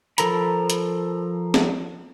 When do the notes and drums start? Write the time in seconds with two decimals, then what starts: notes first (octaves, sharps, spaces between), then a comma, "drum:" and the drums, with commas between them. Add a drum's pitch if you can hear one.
0.18 F3 A4 A#4 A#5 B5, drum: hi-hat
0.70 drum: hi-hat
1.54 drum: snare